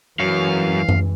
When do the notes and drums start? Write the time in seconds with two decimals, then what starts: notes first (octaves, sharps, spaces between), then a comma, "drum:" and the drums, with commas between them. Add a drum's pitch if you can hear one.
0.20 F#2 E3 G#3 F#4 F5
0.89 drum: tom F#2